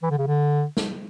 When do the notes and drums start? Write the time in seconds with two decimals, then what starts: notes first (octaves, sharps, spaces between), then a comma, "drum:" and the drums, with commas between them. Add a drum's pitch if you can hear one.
0.02 E3
0.10 D3
0.18 C#3
0.27 D3
0.77 drum: snare